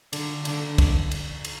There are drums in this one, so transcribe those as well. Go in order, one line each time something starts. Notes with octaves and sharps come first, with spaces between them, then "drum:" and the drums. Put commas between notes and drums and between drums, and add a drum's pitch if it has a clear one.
D3, drum: cymbal
D3, drum: cymbal
drum: kick, cymbal
drum: cymbal
drum: cymbal